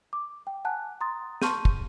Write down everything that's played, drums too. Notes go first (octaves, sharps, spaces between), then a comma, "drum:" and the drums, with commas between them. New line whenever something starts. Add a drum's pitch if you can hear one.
D6
G5
F#5 G#5 A5 F#6
A#5 C6 D#6 A6
A5 C6 C#6 F6 G6 D#7, drum: snare
drum: kick